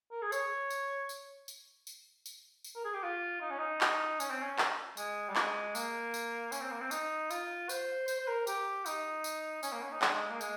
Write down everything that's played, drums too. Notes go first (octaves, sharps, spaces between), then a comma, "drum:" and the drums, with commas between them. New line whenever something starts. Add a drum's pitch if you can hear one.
A#4
G#4
C#5, drum: tambourine
drum: tambourine
drum: tambourine
drum: tambourine
drum: tambourine
drum: tambourine
drum: tambourine
A#4
G#4
G4
F4
D#4
C#4
D#4
drum: clap
C#4, drum: tambourine
C4
C#4
drum: clap
G#3, drum: tambourine
G3
G#3, drum: clap
A#3, drum: tambourine
drum: tambourine
C#4, drum: tambourine
C4
A#3
C4
D#4, drum: tambourine
F4, drum: tambourine
C5, drum: tambourine
C5, drum: tambourine
C5
A#4
G4, drum: tambourine
D#4, drum: tambourine
drum: tambourine
C#4, drum: tambourine
A#3
C#4
D#4
G#3, drum: clap
A#3
G#3, drum: tambourine